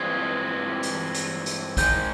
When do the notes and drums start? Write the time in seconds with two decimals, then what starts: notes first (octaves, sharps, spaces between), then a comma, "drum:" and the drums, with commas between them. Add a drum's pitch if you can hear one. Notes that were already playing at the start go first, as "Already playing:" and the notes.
Already playing: G2 E3 G#3 C4 F4 G#6
0.83 drum: hi-hat
1.14 drum: hi-hat
1.46 drum: hi-hat
1.77 G#2 D#3 G#3 G6, drum: kick A#1, hi-hat